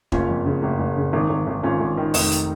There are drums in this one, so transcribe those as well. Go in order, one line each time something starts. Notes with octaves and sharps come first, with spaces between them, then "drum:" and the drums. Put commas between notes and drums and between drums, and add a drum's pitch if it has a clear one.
F#1 C#4 F4, drum: kick E1
F2
C#3
F#1
F#1
C#3
G#1 D#4
G#1
G#1
G#1 C#4 F4
G#1
D#3
F1 D#4, drum: open hi-hat
drum: hi-hat